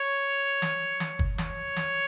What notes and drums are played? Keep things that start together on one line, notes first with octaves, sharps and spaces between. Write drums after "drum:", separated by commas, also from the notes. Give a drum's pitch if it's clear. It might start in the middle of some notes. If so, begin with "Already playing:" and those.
Already playing: C#5
drum: snare
drum: snare
drum: kick
C#5, drum: snare
drum: snare